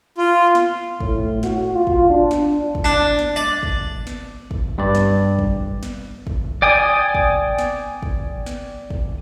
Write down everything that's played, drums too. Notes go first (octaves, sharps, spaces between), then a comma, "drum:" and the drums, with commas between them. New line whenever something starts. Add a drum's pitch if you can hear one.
F4
drum: snare
A2, drum: kick
F#4, drum: snare
F4
drum: kick
D4
drum: snare
drum: kick
D4
drum: snare
D5
drum: kick
drum: snare
drum: kick
G2 D5
drum: snare
drum: kick
drum: snare
drum: kick
D5 G5 G#5 D#6
drum: kick
drum: snare
drum: kick
drum: snare
drum: kick